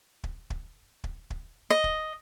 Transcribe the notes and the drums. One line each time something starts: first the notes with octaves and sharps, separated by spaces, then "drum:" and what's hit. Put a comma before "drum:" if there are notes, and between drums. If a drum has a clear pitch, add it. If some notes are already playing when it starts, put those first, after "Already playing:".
drum: kick
drum: kick
drum: kick
drum: kick
D#5
drum: kick